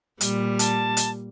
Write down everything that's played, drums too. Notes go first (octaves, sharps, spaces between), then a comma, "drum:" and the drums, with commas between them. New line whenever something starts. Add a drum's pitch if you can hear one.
A#2 G3, drum: hi-hat
A5, drum: hi-hat
drum: hi-hat